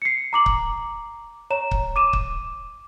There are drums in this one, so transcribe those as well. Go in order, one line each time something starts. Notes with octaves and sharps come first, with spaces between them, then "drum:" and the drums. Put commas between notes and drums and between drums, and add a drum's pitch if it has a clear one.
C7 C#7
A#5 D6 F#7
drum: kick C#1
C#5 A#5 E7
drum: kick C#1
D6 D#7 E7
drum: kick C#1